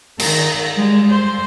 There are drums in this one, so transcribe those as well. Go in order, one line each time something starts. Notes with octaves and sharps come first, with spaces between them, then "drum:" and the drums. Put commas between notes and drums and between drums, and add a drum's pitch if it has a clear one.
D#3 A#4, drum: cymbal
G3 G#3
C5